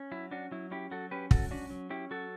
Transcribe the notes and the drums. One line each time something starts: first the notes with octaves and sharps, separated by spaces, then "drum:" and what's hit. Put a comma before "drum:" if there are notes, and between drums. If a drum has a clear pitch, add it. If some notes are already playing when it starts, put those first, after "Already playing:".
Already playing: C#4
F#3 E4
C#4 D4 F#4
F#3 E4
C#4 E4 G4
F#3 F#4 A4
C#4 G4 B4
F#3 F#4 A4, drum: kick
C#4 D4 F#4
F#3
C#4 E4 G4
F#3 F#4 A4